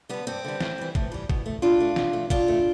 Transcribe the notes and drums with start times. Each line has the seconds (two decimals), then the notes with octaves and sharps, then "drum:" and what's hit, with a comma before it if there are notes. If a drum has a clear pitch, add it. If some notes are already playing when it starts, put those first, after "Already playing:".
0.09 D3 G3 B3
0.27 G2 C4
0.44 D3 G3
0.61 A2, drum: snare
0.78 E3 G3
0.95 A2, drum: kick G#1
1.12 E3 G3
1.30 B2, drum: kick G#1
1.46 A3
1.62 B2 D4 F4
1.80 A3
1.96 B2, drum: snare
2.13 A3
2.30 B2 D4 F4, drum: kick G#1
2.48 A3